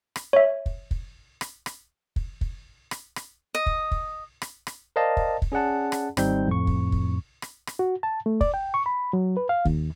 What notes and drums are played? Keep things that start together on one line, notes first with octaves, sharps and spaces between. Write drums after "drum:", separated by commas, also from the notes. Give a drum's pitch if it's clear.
drum: rim click
C#5 E5
drum: kick
drum: kick
drum: rim click
drum: rim click
drum: kick
drum: kick
drum: rim click
drum: rim click
D#5
drum: kick
drum: kick
drum: rim click
drum: rim click
A#4 C5 D5 D#5 F5 A5
drum: kick
drum: kick
C#4 G#4 D5 F#5 A5
drum: rim click
G#1 G3 C4 D#4 G6, drum: rim click
F2 A2 C#6
drum: kick
drum: kick
drum: rim click
drum: rim click
F#4
A5
A3
D5, drum: kick
G5
C#6
B5
F#3
B4
F5
D#2, drum: kick